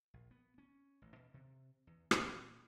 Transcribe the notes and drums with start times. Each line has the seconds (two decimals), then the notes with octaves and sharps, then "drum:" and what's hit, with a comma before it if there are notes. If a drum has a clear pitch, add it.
0.14 A#1
0.31 B3
0.58 C#4
1.02 A1
1.16 B2
1.34 C3
1.87 E2
2.11 C2, drum: rim click
2.34 A#2